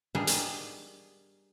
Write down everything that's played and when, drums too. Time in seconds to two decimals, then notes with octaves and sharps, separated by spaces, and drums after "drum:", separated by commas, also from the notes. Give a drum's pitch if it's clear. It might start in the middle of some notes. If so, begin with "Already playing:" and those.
0.15 G3 B3 D4 D#4 G#4 A#4
0.27 drum: hi-hat